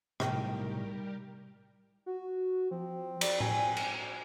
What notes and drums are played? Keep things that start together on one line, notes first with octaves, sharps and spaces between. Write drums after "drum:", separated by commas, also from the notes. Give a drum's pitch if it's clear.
B1 A2 C3 D#3 G3 G4 A#4, drum: rim click
F#4
F3 C4
D5, drum: cymbal
G#5, drum: tom A2
drum: cymbal